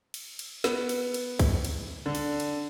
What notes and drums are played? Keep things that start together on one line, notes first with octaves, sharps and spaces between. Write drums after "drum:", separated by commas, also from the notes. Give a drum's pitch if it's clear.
drum: cymbal
drum: cymbal
B3, drum: snare
drum: cymbal
drum: cymbal
drum: kick, cymbal
drum: cymbal
D3
drum: cymbal
drum: cymbal